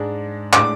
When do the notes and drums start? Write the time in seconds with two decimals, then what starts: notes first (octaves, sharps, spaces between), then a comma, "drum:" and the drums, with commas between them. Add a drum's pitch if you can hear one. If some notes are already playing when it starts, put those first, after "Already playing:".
Already playing: G#2 G#3 D4
0.53 A2 G#3 D4 D6, drum: clap